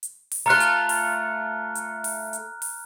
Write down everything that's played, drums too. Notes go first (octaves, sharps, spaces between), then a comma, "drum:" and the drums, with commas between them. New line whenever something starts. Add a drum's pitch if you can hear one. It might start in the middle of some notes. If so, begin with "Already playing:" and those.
drum: hi-hat
drum: open hi-hat
A3 F4 A#5 F6 F#6
drum: hi-hat
drum: open hi-hat
drum: hi-hat
drum: open hi-hat
drum: hi-hat
drum: open hi-hat